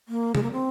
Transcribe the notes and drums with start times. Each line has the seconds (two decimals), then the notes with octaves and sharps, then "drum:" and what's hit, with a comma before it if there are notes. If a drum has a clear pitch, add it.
0.09 A#3
0.35 G#3, drum: tom
0.43 A#3
0.52 C4